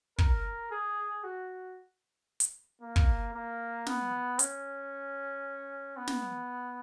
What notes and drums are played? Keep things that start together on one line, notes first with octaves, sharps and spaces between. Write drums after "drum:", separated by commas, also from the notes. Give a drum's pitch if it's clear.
A#4, drum: kick
G#4
F#4
drum: hi-hat
A#3
drum: kick
A#3
B3, drum: snare
C#4, drum: hi-hat
B3
drum: snare